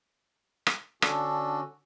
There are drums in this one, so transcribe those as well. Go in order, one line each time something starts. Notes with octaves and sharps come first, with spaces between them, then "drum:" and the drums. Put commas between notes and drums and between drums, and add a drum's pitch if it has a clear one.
drum: rim click
D3 C#4 D4 F#4 A4, drum: rim click